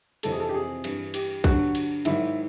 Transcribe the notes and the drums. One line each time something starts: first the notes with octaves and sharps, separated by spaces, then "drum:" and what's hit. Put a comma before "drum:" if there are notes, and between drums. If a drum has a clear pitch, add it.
F2 C3 E3 A4, drum: cymbal
G#4
A4
G4
G#4
G2 E3, drum: cymbal
G4, drum: cymbal
G2 D3 F#3 F#4, drum: kick, cymbal
drum: cymbal
G#2 D#3 F#3 E4, drum: cymbal